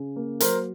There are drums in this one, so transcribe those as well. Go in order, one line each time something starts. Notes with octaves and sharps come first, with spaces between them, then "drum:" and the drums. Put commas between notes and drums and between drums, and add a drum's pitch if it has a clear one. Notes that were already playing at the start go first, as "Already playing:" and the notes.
Already playing: C#3
A#3
F#3 A#4 C5, drum: hi-hat